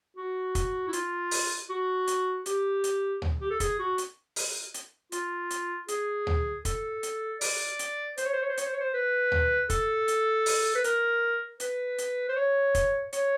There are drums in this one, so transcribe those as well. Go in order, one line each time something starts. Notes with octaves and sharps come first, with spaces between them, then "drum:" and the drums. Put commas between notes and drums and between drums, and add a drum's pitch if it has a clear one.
F#4
drum: kick, hi-hat
E4
F4, drum: hi-hat
drum: open hi-hat
F#4
drum: hi-hat
G4, drum: hi-hat
drum: hi-hat
drum: tom
G4
A4
G#4, drum: kick, hi-hat
F#4
drum: hi-hat
drum: open hi-hat
drum: hi-hat
F4, drum: hi-hat
drum: hi-hat
G#4, drum: hi-hat
drum: tom
A4, drum: kick, hi-hat
drum: hi-hat
D5, drum: open hi-hat
drum: hi-hat
C5, drum: hi-hat
C#5
C5
C#5
C5
C#5, drum: hi-hat
C5
C#5
C5
B4
drum: tom
A4, drum: kick, hi-hat
drum: hi-hat
drum: open hi-hat
B4
A#4, drum: hi-hat
B4, drum: hi-hat
drum: hi-hat
C5
C#5
drum: kick, hi-hat
C#5, drum: hi-hat